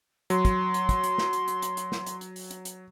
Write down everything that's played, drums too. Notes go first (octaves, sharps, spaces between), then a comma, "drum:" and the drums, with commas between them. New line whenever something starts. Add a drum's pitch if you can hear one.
F#3 C6, drum: hi-hat
drum: kick, hi-hat
drum: hi-hat
drum: kick, hi-hat
drum: hi-hat
drum: snare
drum: hi-hat
drum: hi-hat
drum: hi-hat
drum: hi-hat
drum: snare
drum: hi-hat
drum: hi-hat
drum: open hi-hat
drum: hi-hat
drum: hi-hat